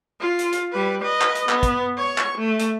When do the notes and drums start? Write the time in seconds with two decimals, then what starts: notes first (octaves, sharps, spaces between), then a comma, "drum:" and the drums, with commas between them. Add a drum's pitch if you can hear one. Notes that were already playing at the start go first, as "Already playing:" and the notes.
0.20 F4
0.39 drum: hi-hat
0.52 drum: hi-hat
0.73 G3 B4
1.03 B4 D#5
1.21 drum: clap
1.35 drum: hi-hat
1.49 B3, drum: clap
1.63 drum: kick, hi-hat
1.98 C#5 C#6
2.18 drum: clap
2.38 A3
2.59 drum: hi-hat